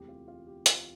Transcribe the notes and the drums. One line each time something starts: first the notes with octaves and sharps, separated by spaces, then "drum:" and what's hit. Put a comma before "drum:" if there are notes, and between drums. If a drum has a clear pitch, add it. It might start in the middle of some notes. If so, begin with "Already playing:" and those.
Already playing: E1 D2 C3 E3 G4
F4
F4
G4
F4, drum: hi-hat